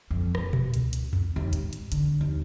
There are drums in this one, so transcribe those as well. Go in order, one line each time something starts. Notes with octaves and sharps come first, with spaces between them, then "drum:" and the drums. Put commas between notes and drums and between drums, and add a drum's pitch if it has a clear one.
F2
E1, drum: rim click
drum: tom A#2
C#2, drum: hi-hat
drum: hi-hat
drum: tom E2
D#2
G#2, drum: hi-hat
drum: hi-hat
D3, drum: hi-hat
D#2